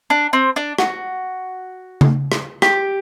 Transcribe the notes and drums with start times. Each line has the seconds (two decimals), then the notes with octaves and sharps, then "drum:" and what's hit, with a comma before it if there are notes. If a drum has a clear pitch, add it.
0.10 D4
0.33 C4
0.56 D4
0.78 F#4, drum: rim click
2.01 drum: tom C#3
2.32 drum: rim click
2.62 G4, drum: rim click